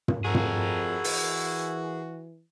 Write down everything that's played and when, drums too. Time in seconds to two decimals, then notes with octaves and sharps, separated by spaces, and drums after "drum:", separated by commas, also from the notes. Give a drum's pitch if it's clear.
0.08 drum: tom
0.25 F2 E4 F#4 G#4 A#4
0.35 drum: tom
1.04 E3, drum: open hi-hat